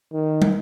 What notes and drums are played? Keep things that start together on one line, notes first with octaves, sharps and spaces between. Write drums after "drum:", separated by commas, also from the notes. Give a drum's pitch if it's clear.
D#3
drum: tom